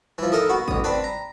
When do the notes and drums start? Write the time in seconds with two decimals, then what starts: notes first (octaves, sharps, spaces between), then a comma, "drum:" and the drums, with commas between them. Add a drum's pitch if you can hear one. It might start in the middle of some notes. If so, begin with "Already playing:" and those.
0.18 E3 F3
0.32 D#4 A4 A#4 D#5
0.49 B3 F#4
0.68 A1 D#6, drum: kick
0.84 C4 D4 B4
1.04 A#5